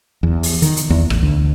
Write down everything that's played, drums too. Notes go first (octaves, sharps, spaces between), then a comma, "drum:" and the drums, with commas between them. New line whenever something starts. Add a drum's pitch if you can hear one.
E2
drum: open hi-hat
D#3, drum: hi-hat
drum: hi-hat
E2
A1, drum: rim click
D2